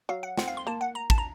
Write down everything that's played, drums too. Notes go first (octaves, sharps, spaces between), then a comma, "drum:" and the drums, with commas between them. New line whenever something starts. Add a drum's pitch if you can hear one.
F#3 F5
F#5
C4 F#5, drum: snare
F5
C6
A#3 A5
F#5
A#5
A5, drum: kick
A#5